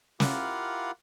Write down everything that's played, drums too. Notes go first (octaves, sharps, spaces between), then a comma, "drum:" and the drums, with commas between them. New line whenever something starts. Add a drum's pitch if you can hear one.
E4 F4 G4 A#4 F5 F#5, drum: snare